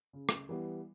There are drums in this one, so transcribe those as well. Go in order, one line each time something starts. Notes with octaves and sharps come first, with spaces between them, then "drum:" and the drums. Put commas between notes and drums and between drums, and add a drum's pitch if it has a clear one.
C#3
drum: rim click
E3 G3 B3